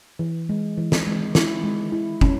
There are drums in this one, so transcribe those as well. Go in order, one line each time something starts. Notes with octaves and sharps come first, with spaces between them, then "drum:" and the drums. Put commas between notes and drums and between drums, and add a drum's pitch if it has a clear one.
E3
G#3
E3
drum: snare
G#3
E4, drum: snare
G#3
E4
C#4, drum: kick